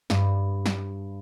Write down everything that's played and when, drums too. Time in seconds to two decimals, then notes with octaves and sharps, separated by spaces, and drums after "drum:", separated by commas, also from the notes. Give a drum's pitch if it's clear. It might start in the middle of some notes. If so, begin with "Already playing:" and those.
0.10 G2, drum: snare
0.66 drum: snare